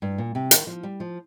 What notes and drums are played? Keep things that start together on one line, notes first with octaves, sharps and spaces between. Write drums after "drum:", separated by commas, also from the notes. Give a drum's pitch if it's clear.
G2
A#2
C3
D#3, drum: hi-hat
F3
G3
F3